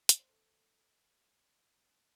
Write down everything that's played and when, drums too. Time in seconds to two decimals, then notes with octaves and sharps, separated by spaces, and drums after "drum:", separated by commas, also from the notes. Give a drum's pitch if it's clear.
0.09 D5, drum: hi-hat
0.19 C5
0.29 A4